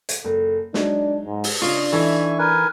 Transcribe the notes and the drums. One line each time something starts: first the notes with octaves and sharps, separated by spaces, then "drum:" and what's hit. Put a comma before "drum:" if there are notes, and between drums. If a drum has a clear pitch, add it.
drum: hi-hat
F#1 A4
F#3 G#3 D4 D#4, drum: snare
G#2
drum: open hi-hat
C#3 D4 F4 D#5 C#6
E3 D#4 E4 A4 E5 G#5 C#6
A#4 B4 G#5